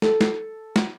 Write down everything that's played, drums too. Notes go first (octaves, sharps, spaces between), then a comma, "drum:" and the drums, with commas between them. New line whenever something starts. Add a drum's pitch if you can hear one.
A4, drum: snare
drum: snare
drum: snare